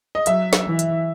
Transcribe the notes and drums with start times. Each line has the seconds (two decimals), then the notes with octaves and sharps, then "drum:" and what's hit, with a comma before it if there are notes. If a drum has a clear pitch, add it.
0.15 D#5
0.26 F#3 E5, drum: hi-hat
0.53 drum: snare
0.66 E3
0.79 drum: hi-hat